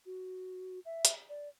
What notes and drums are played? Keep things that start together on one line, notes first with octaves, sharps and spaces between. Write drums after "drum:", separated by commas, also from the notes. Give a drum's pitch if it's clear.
F#4
E5
drum: hi-hat
D5